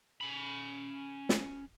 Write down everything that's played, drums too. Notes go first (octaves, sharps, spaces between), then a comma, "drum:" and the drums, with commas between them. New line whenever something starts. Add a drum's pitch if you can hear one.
C#4 B5
drum: snare